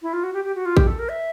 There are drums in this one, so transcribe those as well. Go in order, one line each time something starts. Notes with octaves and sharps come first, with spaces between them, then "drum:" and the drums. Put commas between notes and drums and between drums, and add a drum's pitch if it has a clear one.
E4
F4
F#4
G4
G4
F#4
F4
G4, drum: kick A#1
A4
A#4
E5